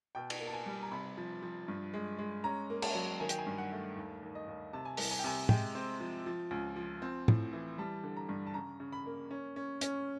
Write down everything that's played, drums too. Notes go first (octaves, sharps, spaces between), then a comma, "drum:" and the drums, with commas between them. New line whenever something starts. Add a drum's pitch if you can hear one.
B2 G5
drum: cymbal
A#3
A5
G#5
G3
A#5
C3 B5
F3
F3
G2
G#3
G#3
C#4 A#5
A#3
A5, drum: cymbal
F#3
D#3 G#5
G5, drum: hi-hat
G#5
G2
F#5
A3
D#2
D#2
D#5
D#2
C3 A5
G#5
C2 A5, drum: open hi-hat
G#5
G5
C3 G#5
G#3 G5, drum: tom A2
C4
F3
F3
C#2
F3
C4
A2, drum: tom A2
E3
G3 A5
D3
A#5
G2
A5
C#3 A#5
C#3
B5
A#3
C#4
C#4
C#4, drum: hi-hat